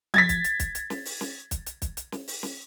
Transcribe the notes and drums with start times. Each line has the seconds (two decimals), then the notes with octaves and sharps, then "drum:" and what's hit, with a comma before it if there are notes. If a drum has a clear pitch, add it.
0.14 G#6 A6 B6, drum: tom F3
0.29 drum: kick, hi-hat
0.44 drum: hi-hat
0.60 drum: kick, hi-hat
0.75 drum: hi-hat
0.90 drum: snare
1.05 drum: open hi-hat
1.21 drum: snare
1.51 drum: kick, hi-hat
1.66 drum: hi-hat
1.82 drum: kick, hi-hat
1.97 drum: hi-hat
2.12 drum: snare
2.28 drum: open hi-hat
2.43 drum: snare